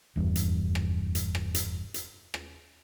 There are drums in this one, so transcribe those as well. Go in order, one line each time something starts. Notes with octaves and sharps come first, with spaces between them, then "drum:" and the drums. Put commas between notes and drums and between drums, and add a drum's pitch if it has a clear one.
F1 E2 G2
drum: hi-hat
drum: rim click
drum: hi-hat
drum: rim click
drum: hi-hat
drum: hi-hat
drum: rim click